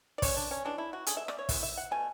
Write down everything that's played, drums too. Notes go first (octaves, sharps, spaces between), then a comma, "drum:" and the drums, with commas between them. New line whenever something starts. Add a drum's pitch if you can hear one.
D5
B2 G#3 C#4 C#5, drum: kick, open hi-hat
D4
C#4
E3 G#3 C#4 D4
E4
F#4
D3 A3 C#4 G#4, drum: hi-hat
E5
D5, drum: rim click
C#5
E3 G#3 B3 E5, drum: kick, open hi-hat
E5
F#5
B2 A3 G#5